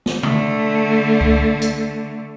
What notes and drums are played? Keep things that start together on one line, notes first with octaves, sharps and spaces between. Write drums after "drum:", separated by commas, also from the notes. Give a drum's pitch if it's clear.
drum: snare B3
D3 A3, drum: tom C3
drum: kick C#2
drum: hi-hat